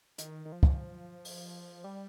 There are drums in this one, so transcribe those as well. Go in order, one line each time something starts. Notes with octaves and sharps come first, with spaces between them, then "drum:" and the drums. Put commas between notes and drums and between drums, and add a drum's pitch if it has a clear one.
D#3, drum: hi-hat
D#3
F3
drum: kick
drum: open hi-hat
G3